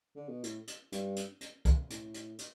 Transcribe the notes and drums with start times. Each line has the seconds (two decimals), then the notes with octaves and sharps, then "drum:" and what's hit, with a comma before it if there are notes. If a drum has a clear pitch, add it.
0.16 D3
0.29 B2
0.44 A2, drum: hi-hat
0.67 drum: hi-hat
0.92 G2, drum: hi-hat
1.16 drum: hi-hat
1.41 drum: hi-hat
1.65 drum: kick, hi-hat
1.90 A2, drum: hi-hat
2.14 drum: hi-hat
2.39 drum: hi-hat